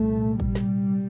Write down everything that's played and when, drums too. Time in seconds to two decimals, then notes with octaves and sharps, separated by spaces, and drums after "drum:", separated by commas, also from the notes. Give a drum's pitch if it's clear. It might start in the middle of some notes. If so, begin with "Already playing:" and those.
Already playing: C2 A#2 A3
0.40 G3, drum: kick
0.55 drum: snare